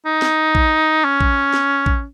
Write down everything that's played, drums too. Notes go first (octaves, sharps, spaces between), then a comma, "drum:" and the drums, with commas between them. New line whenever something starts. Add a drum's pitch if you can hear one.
D#4
drum: snare
drum: kick
C#4
drum: kick
drum: snare
drum: kick